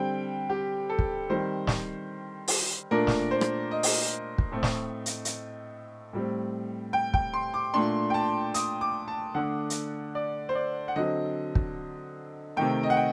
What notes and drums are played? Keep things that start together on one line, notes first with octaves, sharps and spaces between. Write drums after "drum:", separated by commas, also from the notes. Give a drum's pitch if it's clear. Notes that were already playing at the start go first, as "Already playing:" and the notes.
Already playing: D3 G3 C4 G5
G4
A4
drum: kick
D#3 G3 C4 C5
drum: snare
drum: open hi-hat
A#2 A3 D4 A#4
drum: snare
C5
drum: rim click
D#5
drum: open hi-hat
drum: kick
A2 A3 C4
drum: snare
drum: hi-hat
drum: hi-hat
A2 G3 C4
G5
G5, drum: kick
C6
D6
A#2 A3 D4 C6
G5
A5
D#6, drum: hi-hat
D6
A5
D3 A3 D4 F#5
drum: hi-hat
D5
C5
D5
F#5
D3 F#3 C4 D#5
drum: kick
C3 D#3 A3 G5
D#5
F#5
G5